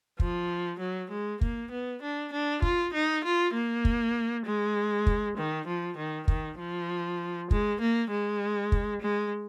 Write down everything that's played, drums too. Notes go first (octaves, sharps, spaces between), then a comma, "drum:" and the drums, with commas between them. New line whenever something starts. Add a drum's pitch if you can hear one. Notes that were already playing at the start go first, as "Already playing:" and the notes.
F3, drum: kick
F#3
G#3
A#3, drum: kick
B3
D4
D4
F4, drum: kick
D#4
F4
A#3
drum: kick
G#3
drum: kick
D#3
F3
D#3
D#3, drum: kick
F3
G#3, drum: kick
A#3
G#3
drum: kick
G#3